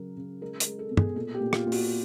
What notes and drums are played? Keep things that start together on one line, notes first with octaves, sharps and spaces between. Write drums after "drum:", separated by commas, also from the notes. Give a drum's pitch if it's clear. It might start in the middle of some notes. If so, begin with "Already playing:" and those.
Already playing: C#3 F#3 A#4
C#3
G#3 A#4
A#4, drum: hi-hat
G#3
A4
B2
G#4, drum: tom
A#2 A4
G4
A#2
F4, drum: rim click
A#2
F#4, drum: open hi-hat